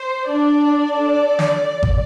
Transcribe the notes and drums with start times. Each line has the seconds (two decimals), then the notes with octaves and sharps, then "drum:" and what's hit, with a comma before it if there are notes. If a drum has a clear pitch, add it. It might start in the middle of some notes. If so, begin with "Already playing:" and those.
Already playing: C5
0.28 D4 D5
0.95 D4 A4
1.39 drum: snare
1.83 drum: kick G#1